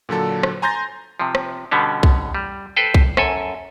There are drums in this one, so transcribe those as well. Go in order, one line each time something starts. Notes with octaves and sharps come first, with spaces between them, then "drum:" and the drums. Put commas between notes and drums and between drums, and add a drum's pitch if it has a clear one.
A#2 D3 F#3 A4
drum: rim click
G#5 A#5 C6 G6 A6 A#6
C3 F3
drum: rim click
B2 D3 G3 B3 C#4
drum: kick B1
G3
A4 B4 C5 G5
drum: kick B1
F#2 A4 G#5, drum: rim click